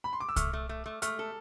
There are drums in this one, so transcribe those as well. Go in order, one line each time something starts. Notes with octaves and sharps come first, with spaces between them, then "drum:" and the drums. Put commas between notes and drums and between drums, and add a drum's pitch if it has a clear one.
B5
C6
D6
E6
A3 F6, drum: kick C2, hi-hat
A3
A3
A3
A3 F6, drum: hi-hat
A4